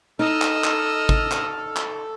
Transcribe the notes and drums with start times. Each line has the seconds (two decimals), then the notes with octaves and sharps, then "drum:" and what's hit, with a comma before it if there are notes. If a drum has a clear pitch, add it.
0.19 D#4 A4 D#5 E6 F6
0.42 drum: clap
0.64 drum: clap
1.09 drum: kick
1.32 drum: clap
1.76 drum: clap